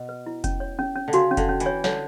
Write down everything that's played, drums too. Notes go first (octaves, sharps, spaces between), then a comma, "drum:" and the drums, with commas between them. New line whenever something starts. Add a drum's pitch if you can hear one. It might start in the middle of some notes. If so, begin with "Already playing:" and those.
Already playing: B2
B4
E4
C#4, drum: kick F1, hi-hat
C#5
C#4
C#4
D3
C#3 F#4, drum: hi-hat
C#4
D3, drum: kick F1, hi-hat
C#4
E3, drum: hi-hat
C#5
D3 C#5, drum: snare